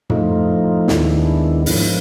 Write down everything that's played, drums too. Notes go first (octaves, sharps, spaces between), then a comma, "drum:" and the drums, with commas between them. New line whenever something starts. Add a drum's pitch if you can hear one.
A2 F3 A3 D#4 F4, drum: tom
D#2 D#3 G#3 B3 D4 E4, drum: snare
G#2 F3 A#3 D4 E4, drum: open hi-hat